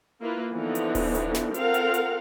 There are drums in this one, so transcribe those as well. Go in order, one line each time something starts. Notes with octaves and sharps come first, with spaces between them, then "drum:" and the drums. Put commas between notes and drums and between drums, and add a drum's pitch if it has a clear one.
A#3 E4 F4 B4
D3 E3 F3 B3 D#4
drum: hi-hat
drum: kick D#1, open hi-hat
drum: hi-hat
drum: snare
C4 F4 A4 A#4 F5 F#5, drum: hi-hat
drum: hi-hat
drum: hi-hat